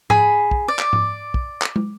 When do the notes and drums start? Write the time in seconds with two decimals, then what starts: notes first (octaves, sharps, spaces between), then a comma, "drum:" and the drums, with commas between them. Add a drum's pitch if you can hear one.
0.10 G#4 B5, drum: tom G#2
0.51 drum: kick
0.68 D5
0.79 drum: clap
0.93 drum: tom G#2
1.34 drum: kick
1.62 drum: clap
1.76 drum: tom